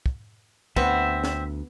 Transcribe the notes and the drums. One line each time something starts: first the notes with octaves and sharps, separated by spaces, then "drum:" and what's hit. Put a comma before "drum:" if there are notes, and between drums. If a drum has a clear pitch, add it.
drum: kick
D2 B3 C4 E5, drum: kick
drum: snare